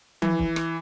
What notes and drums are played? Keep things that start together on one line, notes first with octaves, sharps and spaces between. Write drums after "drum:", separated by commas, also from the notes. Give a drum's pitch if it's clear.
E3, drum: tom F3
drum: kick
drum: rim click